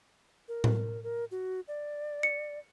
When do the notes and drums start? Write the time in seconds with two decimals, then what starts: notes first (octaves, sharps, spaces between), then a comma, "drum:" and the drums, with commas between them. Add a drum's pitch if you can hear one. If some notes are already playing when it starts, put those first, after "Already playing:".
0.48 A#4
0.64 drum: tom A2
1.03 A#4
1.31 F#4
1.68 D5
2.23 C#7